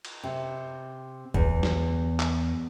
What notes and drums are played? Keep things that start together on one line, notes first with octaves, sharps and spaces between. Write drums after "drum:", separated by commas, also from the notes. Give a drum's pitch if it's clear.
drum: cymbal
C3
E2, drum: kick B1
drum: snare
drum: clap